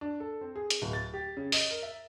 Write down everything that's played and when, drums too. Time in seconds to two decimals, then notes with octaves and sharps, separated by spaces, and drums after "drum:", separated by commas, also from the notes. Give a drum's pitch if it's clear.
0.01 D4
0.20 A4
0.41 C4
0.56 G#4
0.70 drum: hi-hat
0.82 D1
0.93 A6
1.14 G4
1.37 C#3
1.52 D#5, drum: open hi-hat
1.71 A#4
1.83 E5